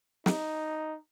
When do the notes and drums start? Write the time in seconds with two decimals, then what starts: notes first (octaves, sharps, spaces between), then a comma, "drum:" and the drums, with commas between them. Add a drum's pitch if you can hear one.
0.26 D#4, drum: snare